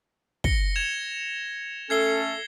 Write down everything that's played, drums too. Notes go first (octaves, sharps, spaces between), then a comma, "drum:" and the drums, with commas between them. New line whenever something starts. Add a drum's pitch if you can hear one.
A#6 C#7 G7, drum: kick
G#6 E7 F7
A3 C#4 A4 G#6 C7 G7